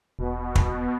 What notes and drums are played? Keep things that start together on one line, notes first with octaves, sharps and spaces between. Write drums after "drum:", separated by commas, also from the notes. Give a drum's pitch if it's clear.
E1 B2
drum: kick